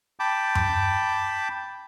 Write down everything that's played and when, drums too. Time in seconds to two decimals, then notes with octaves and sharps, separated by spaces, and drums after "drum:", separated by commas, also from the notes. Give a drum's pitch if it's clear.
0.20 G5 A5 B5 D6
0.55 drum: tom F#2